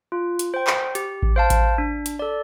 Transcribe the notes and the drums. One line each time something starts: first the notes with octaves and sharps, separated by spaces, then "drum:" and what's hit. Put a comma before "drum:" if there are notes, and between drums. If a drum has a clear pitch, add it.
F4
drum: hi-hat
C5 G5
drum: clap
G4, drum: hi-hat
drum: kick A1
C5 F5 A5
drum: kick A1, hi-hat
D4
drum: hi-hat
A4 D5